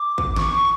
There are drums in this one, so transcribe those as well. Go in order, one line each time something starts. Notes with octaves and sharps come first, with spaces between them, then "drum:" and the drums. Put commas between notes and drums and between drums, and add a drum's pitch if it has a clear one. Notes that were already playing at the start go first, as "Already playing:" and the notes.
Already playing: D6
drum: kick
C#6, drum: snare